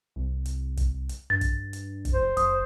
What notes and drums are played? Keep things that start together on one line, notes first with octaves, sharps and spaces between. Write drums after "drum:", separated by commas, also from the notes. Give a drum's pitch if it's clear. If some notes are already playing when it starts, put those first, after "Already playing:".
C2
drum: hi-hat
drum: kick, hi-hat
drum: hi-hat
G2 A6
drum: kick, hi-hat
drum: hi-hat
drum: kick, hi-hat
F1 C5
F#1 D#6, drum: hi-hat